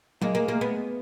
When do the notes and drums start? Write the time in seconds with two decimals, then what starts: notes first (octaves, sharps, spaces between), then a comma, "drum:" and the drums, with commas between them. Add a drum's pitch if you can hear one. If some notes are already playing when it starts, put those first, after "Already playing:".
0.22 G#3 A#3, drum: tom F#3
0.35 A#3
0.48 A#3
0.61 B3